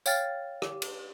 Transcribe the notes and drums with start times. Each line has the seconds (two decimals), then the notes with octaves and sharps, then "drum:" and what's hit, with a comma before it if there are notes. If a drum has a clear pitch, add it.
0.06 C#5 F5 G5 F6 A6, drum: tambourine
0.62 G4, drum: rim click
0.82 drum: cymbal